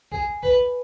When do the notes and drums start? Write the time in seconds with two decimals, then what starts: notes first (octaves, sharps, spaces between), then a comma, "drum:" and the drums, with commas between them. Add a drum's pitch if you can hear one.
0.12 G#4, drum: kick
0.43 B4, drum: kick